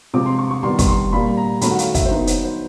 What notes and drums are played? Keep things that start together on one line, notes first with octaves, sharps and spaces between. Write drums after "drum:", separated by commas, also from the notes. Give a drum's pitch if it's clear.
C3 F3 G#3 C4 D6
C6
C#6
C#6
D#3 G3 B3 C6
C#6, drum: kick, hi-hat
C6
A#2 G3 A#3 B5
A#5
D#3 F#3 A3 C#4 B5, drum: hi-hat
F#5
F5, drum: hi-hat
E5, drum: kick, hi-hat
C5
F#3 B3 D#4 B4
C5, drum: hi-hat
C5